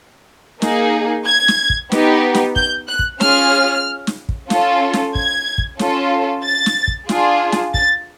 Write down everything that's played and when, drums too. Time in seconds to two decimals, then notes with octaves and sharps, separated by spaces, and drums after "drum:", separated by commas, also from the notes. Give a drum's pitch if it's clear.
0.62 A#3 D#4 G#4, drum: snare
1.27 G#6
1.48 drum: snare
1.70 drum: kick
1.92 B3 D#4 G4, drum: snare
2.34 drum: snare
2.56 G6, drum: kick
2.88 F#6
2.99 drum: kick
3.21 C#4 F4 G#4 F6, drum: snare
4.07 drum: snare
4.29 drum: kick
4.50 C#4 F4 A4, drum: snare
4.93 drum: snare
5.15 G#6, drum: kick
5.58 drum: kick
5.79 C#4 F4 A4, drum: snare
6.45 A6
6.66 drum: snare
6.88 drum: kick
7.09 D4 F4 G#4, drum: snare
7.52 drum: snare
7.74 A6, drum: kick